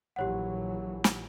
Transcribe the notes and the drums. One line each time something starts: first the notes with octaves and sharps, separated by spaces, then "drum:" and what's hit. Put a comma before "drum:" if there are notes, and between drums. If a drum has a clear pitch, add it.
A#1 E3 F#3 G4 C#5 F#5
drum: snare